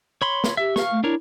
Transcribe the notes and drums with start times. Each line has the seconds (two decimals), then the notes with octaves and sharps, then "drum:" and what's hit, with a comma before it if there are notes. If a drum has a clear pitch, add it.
0.22 C#5 B5 C6
0.44 drum: snare
0.57 G4 E5
0.76 F5 C#6, drum: snare
0.90 A3
1.04 D4 E4 A#4 C#5